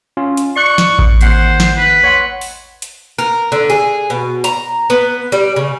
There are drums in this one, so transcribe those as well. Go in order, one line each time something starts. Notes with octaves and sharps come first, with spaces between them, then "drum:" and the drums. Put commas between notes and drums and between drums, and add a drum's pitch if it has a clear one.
C#4 F4
drum: hi-hat
D5 C#6 F#6
drum: snare
drum: kick A1
D#2 C5 F#5 F#6, drum: hi-hat
drum: snare
B4
C#5 F#5 C6
drum: open hi-hat
drum: hi-hat
A#4
D3
G#4
B2
A#5, drum: hi-hat
B3
G3
C#3